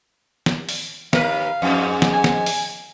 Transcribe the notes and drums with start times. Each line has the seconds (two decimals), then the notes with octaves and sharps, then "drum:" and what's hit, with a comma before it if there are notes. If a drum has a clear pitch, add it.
0.46 drum: snare
0.69 drum: open hi-hat
1.13 D#2 A#4 B4 F5, drum: snare
1.62 F2 G#2
2.02 drum: snare
2.13 G#5
2.24 drum: snare
2.46 drum: open hi-hat